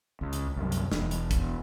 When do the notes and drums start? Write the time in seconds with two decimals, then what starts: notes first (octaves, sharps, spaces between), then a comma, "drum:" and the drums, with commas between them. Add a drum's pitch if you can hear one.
0.21 C#2
0.33 drum: hi-hat
0.56 C2 F#2
0.72 drum: hi-hat
0.92 E1 E2, drum: snare
1.11 drum: hi-hat
1.31 drum: kick, hi-hat